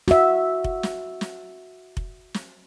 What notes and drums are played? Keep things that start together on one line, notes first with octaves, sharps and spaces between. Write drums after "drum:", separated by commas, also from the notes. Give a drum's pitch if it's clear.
F#4 E5, drum: snare
drum: kick F1
drum: snare
drum: snare
drum: kick F1
drum: snare